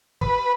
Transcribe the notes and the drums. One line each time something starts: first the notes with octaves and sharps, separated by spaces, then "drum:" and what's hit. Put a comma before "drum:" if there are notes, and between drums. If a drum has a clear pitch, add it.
B4, drum: kick